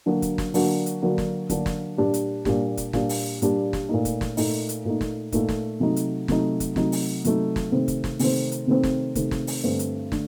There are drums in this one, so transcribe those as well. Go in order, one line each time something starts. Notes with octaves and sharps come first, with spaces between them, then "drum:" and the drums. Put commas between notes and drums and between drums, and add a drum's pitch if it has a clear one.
D3 F#3 A#3 D4 F#4
drum: kick, hi-hat
drum: snare
D3 F#3 A#3 D4 F#4, drum: open hi-hat
drum: hi-hat
D3 F#3 A#3 D4 F#4
drum: snare
D3 F#3 A#3 D4 F#4, drum: kick, hi-hat
drum: snare
A#2 G3 D4 G4
drum: hi-hat
A#2 G3 D4 G4, drum: snare
drum: kick, hi-hat
A#2 G3 D4 G4, drum: snare
drum: open hi-hat
A#2 G3 D4 G4, drum: hi-hat
drum: snare
A#2 A3 D#4
drum: kick, hi-hat
drum: snare
A#2 A3 D#4, drum: open hi-hat
drum: hi-hat
A#2 A3 D#4
drum: snare
A#2 A3 D#4, drum: kick, hi-hat
drum: snare
C3 F#3 A3 D#4
drum: hi-hat
C3 F#3 A3 D#4, drum: snare
drum: kick, hi-hat
C3 F#3 A3 D#4, drum: snare
drum: open hi-hat
C3 F#3 A3 D#4, drum: hi-hat
drum: snare
C3 D#3 A3 C4
drum: kick, hi-hat
drum: snare
C3 D#3 A3 C4, drum: open hi-hat
drum: hi-hat
C3 D#3 A3 C4
drum: snare
C3 D#3 A3 C4, drum: kick, hi-hat
drum: snare
drum: open hi-hat
G2 D3 A3 C4
drum: hi-hat
D3 A3, drum: snare